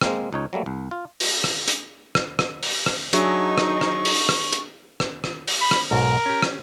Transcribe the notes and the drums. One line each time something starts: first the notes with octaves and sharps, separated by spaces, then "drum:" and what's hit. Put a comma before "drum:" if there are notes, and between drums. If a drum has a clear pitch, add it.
G#3 A#3 C4, drum: rim click
C#2 D#4 C#5
F#3 G3 A3 A#3
C2
F4
drum: open hi-hat
drum: rim click
drum: hi-hat
drum: rim click
drum: rim click
drum: open hi-hat
drum: rim click
F#3 D4 D#4 G#4 E5 C#6, drum: hi-hat
drum: rim click
drum: rim click
drum: open hi-hat
drum: rim click
drum: hi-hat
drum: rim click
drum: rim click
drum: open hi-hat
B5
drum: rim click
B1 G#2 B2 A#4
C#4 G4
drum: rim click